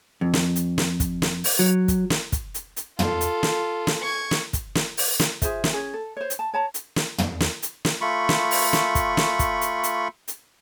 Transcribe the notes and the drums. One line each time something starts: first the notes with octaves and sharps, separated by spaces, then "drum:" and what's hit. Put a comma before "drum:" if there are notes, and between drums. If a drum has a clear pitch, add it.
F2
drum: snare
drum: hi-hat
drum: snare
drum: kick, hi-hat
drum: snare
drum: open hi-hat
F#3
drum: kick, hi-hat
drum: snare
drum: kick, hi-hat
drum: hi-hat
drum: hi-hat
F4 A4, drum: tom
drum: hi-hat
drum: snare
drum: snare
C#6 G#6
drum: snare
drum: kick, hi-hat
drum: snare
drum: open hi-hat
drum: snare
F4 G#4 C5 E5, drum: kick, hi-hat
drum: snare
C#4 G#4
A4
C5 C#5
drum: hi-hat
A5
C#5 A5 A#5
drum: hi-hat
drum: snare
drum: tom
drum: snare
drum: hi-hat
drum: snare
A3 F4 B5 C#6
drum: snare
drum: open hi-hat
drum: snare
drum: kick, hi-hat
drum: snare
drum: kick, hi-hat
drum: hi-hat
drum: hi-hat
drum: hi-hat